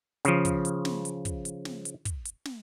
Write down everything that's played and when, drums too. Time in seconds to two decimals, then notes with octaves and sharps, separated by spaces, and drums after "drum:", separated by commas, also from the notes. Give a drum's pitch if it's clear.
0.25 C#3 F3, drum: hi-hat
0.45 drum: kick, hi-hat
0.65 drum: hi-hat
0.85 drum: snare
1.05 drum: hi-hat
1.25 drum: kick, hi-hat
1.45 drum: hi-hat
1.65 drum: snare
1.85 drum: hi-hat
2.05 drum: kick, hi-hat
2.25 drum: hi-hat
2.45 drum: snare